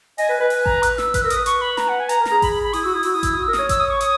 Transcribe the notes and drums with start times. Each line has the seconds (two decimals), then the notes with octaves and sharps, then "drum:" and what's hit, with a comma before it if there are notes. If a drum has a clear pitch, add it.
0.18 D#5 G#5, drum: open hi-hat
0.29 B4
0.40 B4
0.50 G#5, drum: open hi-hat
0.66 A#5, drum: kick A1
0.83 F#6, drum: hi-hat
0.98 E6, drum: snare
1.14 B4 F#6, drum: kick A1, hi-hat
1.22 A#4 E6
1.30 D#6, drum: hi-hat
1.35 B4
1.46 C#6, drum: hi-hat
1.61 B5
1.77 A#5, drum: snare
1.89 F#5
2.00 G#5
2.09 B4 A#5, drum: hi-hat
2.21 A#4
2.25 A#5, drum: snare
2.31 G#4
2.42 B5, drum: kick A1, open hi-hat
2.53 B5
2.63 B5
2.73 E4 D#6, drum: open hi-hat
2.84 F#4 E6
2.93 E4 D#6
3.03 F#4 E6, drum: open hi-hat
3.13 E4 D#6
3.23 E6, drum: kick A1, hi-hat
3.33 F#4 D#6
3.43 E6
3.48 A#4
3.53 D#6, drum: snare
3.59 C#5
3.69 E6, drum: kick A1, hi-hat
3.80 D#6
3.90 C#6
4.01 D#6, drum: hi-hat